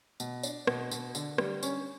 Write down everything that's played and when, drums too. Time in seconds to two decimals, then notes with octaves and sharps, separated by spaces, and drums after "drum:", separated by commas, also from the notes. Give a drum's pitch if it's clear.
0.20 B2, drum: tambourine
0.43 D4, drum: tambourine
0.67 B2, drum: rim click
0.91 B2, drum: tambourine
1.15 D3, drum: tambourine
1.38 G3, drum: rim click
1.63 C#4, drum: tambourine